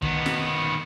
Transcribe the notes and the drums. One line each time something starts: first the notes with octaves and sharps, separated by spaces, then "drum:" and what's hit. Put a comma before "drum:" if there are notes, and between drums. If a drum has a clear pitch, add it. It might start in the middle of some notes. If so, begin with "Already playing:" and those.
D#3 B3, drum: kick
drum: snare